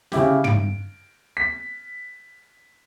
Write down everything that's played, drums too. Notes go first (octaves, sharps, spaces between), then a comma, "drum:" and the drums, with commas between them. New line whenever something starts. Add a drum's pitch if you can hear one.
C#3 E4 G4, drum: snare
D7, drum: tom
B6